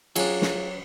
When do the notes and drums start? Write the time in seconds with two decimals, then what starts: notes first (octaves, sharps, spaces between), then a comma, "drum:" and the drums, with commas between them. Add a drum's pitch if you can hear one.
0.16 F#3 D4 F4 G#4, drum: cymbal
0.42 drum: snare